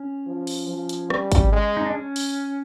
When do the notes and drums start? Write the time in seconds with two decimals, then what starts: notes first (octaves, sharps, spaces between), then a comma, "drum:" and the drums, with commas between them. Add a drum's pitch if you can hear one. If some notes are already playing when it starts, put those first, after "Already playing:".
Already playing: C#4
0.27 F3
0.47 drum: open hi-hat
0.68 F3
0.89 drum: hi-hat
1.10 G3, drum: rim click
1.32 drum: kick G#1, hi-hat
1.52 G#3
1.77 D#4
1.86 D4
1.95 C#4
2.16 drum: open hi-hat